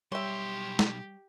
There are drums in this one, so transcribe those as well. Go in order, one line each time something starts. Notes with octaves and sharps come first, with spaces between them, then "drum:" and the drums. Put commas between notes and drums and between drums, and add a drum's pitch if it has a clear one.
B1 G3 G4 C#5 E5 C6
drum: snare